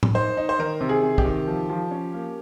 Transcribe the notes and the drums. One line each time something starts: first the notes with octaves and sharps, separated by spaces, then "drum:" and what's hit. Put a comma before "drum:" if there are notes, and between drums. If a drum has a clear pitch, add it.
drum: tom A2
D#4 C5
D#4
C5
D#3 A#4
C3
G#4
C3
G4, drum: kick
D#3
F3
F3
C#4
A#3